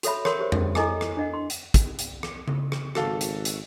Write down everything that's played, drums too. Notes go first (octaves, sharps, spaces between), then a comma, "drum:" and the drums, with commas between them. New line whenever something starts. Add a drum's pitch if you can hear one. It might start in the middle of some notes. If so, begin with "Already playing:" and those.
F#4 A4 C#5 E5 B5, drum: hi-hat
A#4 C#5 F#5 C6, drum: rim click
G4 C5 E5
drum: tom F2
E4 A4 D#5 G#5 D6, drum: rim click
drum: rim click
D4 D#5 F#5
C6
drum: hi-hat
drum: kick, hi-hat
drum: hi-hat
drum: rim click
drum: tom C#3
drum: rim click
G#1 F#4 A4 F5, drum: rim click
drum: hi-hat
drum: hi-hat